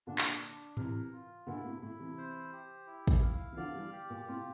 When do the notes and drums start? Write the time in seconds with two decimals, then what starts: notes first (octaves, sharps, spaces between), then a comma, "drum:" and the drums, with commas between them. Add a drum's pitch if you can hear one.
0.07 A#2 D3 D4
0.18 drum: clap
0.42 D4
0.77 C3 E3 A#4, drum: tom G#2
1.13 F4
1.47 A#2 D3 E4
1.64 A2 C3
1.82 A2 E4
1.99 C3 E3
2.18 C5
2.52 G4
2.87 E4
3.07 drum: kick
3.22 F5
3.52 E3
3.57 D3 F3 D5
3.74 E3 G3
3.92 G4
4.10 A#2
4.27 A2 C3 F4